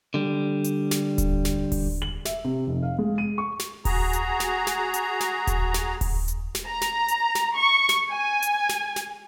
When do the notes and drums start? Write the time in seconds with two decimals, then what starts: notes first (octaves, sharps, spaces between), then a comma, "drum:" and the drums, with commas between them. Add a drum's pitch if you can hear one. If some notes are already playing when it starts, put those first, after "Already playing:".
0.14 D3 G3
0.64 drum: hi-hat
0.91 drum: snare
1.18 drum: kick D#1, hi-hat
1.45 drum: snare
1.72 drum: kick D#1, open hi-hat
2.02 F#7
2.25 E5, drum: snare
2.44 C3
2.67 F1
2.82 F5
2.99 G#3
3.18 D#7
3.38 C#6
3.59 drum: snare
3.85 F#4 G#4 A#5, drum: kick D#1, open hi-hat
4.13 drum: hi-hat
4.40 drum: snare
4.67 drum: snare
4.94 drum: hi-hat
5.20 drum: snare
5.47 drum: kick D#1, hi-hat
5.74 drum: snare
6.01 drum: kick D#1, open hi-hat
6.28 drum: hi-hat
6.55 drum: snare
6.68 A#5
6.81 drum: snare
7.08 drum: hi-hat
7.35 drum: snare
7.57 C#6
7.89 drum: snare
8.11 G#5
8.42 drum: hi-hat
8.69 drum: snare
8.96 drum: snare